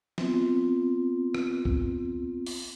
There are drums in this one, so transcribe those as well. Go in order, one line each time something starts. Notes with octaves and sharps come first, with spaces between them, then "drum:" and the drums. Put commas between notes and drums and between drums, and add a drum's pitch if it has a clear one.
B3 C4 F4, drum: snare
drum: rim click
drum: kick C#2
drum: open hi-hat